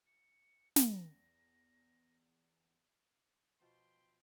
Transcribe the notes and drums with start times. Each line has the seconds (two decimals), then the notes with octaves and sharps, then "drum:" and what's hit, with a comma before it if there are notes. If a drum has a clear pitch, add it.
0.07 C#7
0.76 E2 A#6, drum: snare
3.60 B2 F3 E5 G5 B5 C6